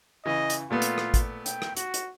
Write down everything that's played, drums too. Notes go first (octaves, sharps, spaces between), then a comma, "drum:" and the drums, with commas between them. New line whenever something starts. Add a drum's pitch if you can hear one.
C#3 E3 D#5
drum: hi-hat
A#2 A3 B3 F4
drum: hi-hat
drum: rim click
drum: kick, hi-hat
G5, drum: hi-hat
drum: rim click
F#4, drum: hi-hat
drum: hi-hat